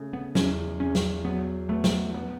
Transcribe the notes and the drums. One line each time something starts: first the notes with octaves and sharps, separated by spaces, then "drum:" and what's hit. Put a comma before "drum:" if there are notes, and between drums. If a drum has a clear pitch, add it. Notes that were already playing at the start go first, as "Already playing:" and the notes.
Already playing: C#3 A3
B3
E2 C#4, drum: snare
E2 C#4
drum: snare
F#3 B3
A3 B3
drum: snare
B3